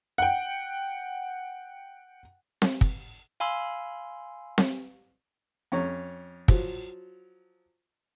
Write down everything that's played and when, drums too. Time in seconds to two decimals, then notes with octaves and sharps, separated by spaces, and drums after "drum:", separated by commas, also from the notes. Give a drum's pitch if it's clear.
0.18 F#5 G5
2.62 drum: snare C4
2.81 drum: kick
3.40 F5 G#5 B5 C6 E6
4.58 drum: snare C4
5.72 F2 C#4 C#5 A#5
6.48 F3 F#3, drum: kick